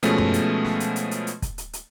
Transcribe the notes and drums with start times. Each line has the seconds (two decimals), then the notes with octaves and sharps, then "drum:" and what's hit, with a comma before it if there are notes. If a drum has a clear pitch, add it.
0.03 B2 F3 G#3 A3 B3 C#4, drum: hi-hat
0.18 drum: tom F#2
0.34 drum: hi-hat
0.65 drum: snare
0.80 drum: hi-hat
0.96 drum: hi-hat
1.11 drum: hi-hat
1.27 drum: hi-hat
1.42 drum: kick, hi-hat
1.58 drum: hi-hat
1.73 drum: hi-hat